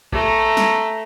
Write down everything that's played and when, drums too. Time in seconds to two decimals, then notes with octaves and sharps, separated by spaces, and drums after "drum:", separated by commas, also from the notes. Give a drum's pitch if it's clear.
0.12 A3 A#5, drum: kick A#1
0.57 drum: snare